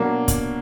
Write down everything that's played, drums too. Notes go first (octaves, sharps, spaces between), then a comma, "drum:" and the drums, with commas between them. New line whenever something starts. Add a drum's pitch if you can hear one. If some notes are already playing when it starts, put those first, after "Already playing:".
Already playing: B2 F#3 A#3 D4
drum: kick, hi-hat